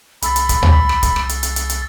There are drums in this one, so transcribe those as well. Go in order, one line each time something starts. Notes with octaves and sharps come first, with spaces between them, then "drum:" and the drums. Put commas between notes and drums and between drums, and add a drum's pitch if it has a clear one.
C2 B5 E6 A6, drum: hi-hat
drum: hi-hat
drum: kick, hi-hat
drum: tom
drum: rim click
drum: kick, hi-hat
drum: rim click
drum: hi-hat
drum: hi-hat
drum: hi-hat
drum: hi-hat